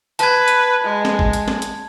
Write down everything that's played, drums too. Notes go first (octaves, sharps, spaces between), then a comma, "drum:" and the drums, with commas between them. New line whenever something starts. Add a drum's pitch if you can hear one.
B4 A5 G#6, drum: hi-hat
drum: hi-hat
G#3
drum: snare
drum: kick
drum: hi-hat
drum: snare
drum: hi-hat